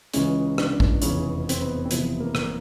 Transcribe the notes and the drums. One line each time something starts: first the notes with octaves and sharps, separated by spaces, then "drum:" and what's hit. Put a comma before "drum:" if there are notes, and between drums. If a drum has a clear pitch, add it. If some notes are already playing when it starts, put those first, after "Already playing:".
C#2 C#3 E3 G#3 C#4, drum: hi-hat
D4, drum: rim click
drum: kick A#1
F1 E2 C#3 C#4, drum: hi-hat
C4, drum: hi-hat
B3
C4
F#1 E2 C3 F3 B3, drum: hi-hat
A#3
drum: rim click